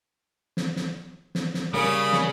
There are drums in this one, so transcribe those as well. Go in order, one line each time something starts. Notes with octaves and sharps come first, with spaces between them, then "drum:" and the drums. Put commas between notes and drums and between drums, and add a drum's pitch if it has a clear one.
drum: snare
drum: snare
drum: snare
drum: snare
C#3 G3 A#3 C#4 B5 D#6
drum: snare